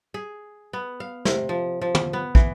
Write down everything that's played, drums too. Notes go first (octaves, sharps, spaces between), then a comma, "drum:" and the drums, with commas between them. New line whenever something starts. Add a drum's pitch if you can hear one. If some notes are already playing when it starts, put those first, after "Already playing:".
G#4
B3
F5
C3, drum: snare
F3
F3
drum: tom
B3
E3, drum: kick